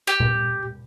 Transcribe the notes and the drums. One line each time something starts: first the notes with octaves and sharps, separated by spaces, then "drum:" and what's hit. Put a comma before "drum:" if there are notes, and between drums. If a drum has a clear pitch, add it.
G4
drum: tom A#2